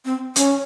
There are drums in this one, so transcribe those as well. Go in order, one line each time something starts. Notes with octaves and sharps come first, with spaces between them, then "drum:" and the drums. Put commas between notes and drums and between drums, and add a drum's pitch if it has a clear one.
C4
C#4, drum: hi-hat